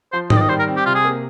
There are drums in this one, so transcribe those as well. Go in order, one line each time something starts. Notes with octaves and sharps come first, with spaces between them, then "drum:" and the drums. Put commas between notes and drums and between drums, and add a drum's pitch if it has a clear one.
F3 C5
D#3 D#5, drum: tom G#2
D5
D#5
G3 C5
A#4
C4
G4
C3 F4
G#4
A#3